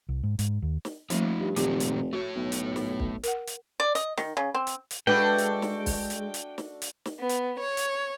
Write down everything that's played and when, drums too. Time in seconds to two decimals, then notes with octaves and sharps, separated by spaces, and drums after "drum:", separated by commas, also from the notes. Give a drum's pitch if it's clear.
0.09 C2
0.23 G#2
0.39 G#2, drum: hi-hat
0.62 D#2
0.85 drum: snare
1.10 D#1 F3 A3 D#4 F4, drum: hi-hat
1.40 G2
1.56 F1 A#2 D#3 F#3 G4, drum: hi-hat
1.80 drum: hi-hat
2.13 A3 F#4 C#5
2.36 B1
2.52 drum: hi-hat
2.76 drum: snare
3.00 drum: kick
3.24 A#4 F#5, drum: hi-hat
3.47 drum: hi-hat
3.80 D5
3.95 D#5, drum: hi-hat
4.17 D#3, drum: snare
4.37 C#3
4.55 C4
4.67 drum: hi-hat
4.91 drum: hi-hat
5.07 G#3 A3 D4 F#4 B4 G5
5.38 drum: hi-hat
5.62 drum: snare
5.86 drum: kick, open hi-hat
6.10 drum: hi-hat
6.34 drum: hi-hat
6.58 drum: snare
6.82 drum: hi-hat
7.05 drum: snare
7.20 B3
7.29 drum: hi-hat
7.60 C#5
7.77 drum: hi-hat